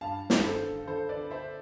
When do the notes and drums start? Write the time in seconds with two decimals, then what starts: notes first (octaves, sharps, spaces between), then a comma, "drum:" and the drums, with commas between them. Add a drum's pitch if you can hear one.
0.01 G2 F5 A5
0.30 G2, drum: snare
0.44 A4 C5
0.59 D3
0.87 D3 A4 C5
1.09 B4 D5
1.17 D3
1.31 C5 E5